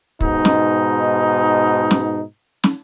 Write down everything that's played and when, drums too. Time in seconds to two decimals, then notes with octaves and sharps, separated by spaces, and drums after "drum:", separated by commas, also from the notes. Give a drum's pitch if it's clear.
0.21 G#2 B2 D#4, drum: kick
0.45 drum: snare
1.91 drum: snare
2.64 drum: snare